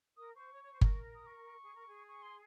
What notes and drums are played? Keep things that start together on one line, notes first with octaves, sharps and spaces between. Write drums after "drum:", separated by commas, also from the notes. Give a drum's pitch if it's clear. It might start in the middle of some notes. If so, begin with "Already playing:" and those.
A#4 D#6
C5 C#6
C#5
C#5
C5
A#4, drum: kick G1
D#6
C#6
G#4
A#4
G#4
C#6
C6